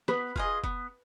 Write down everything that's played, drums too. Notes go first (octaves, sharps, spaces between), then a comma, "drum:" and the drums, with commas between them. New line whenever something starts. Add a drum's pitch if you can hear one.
B3 B4, drum: snare
F4 G#4 D#5, drum: kick
B3, drum: kick